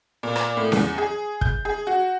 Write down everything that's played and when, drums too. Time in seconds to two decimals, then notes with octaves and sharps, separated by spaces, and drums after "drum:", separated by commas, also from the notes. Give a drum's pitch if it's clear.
0.23 A#2
0.36 drum: rim click
0.57 A2
0.72 E2, drum: snare C#4
0.98 G#4
1.41 G6, drum: kick
1.65 G#4
1.87 F#4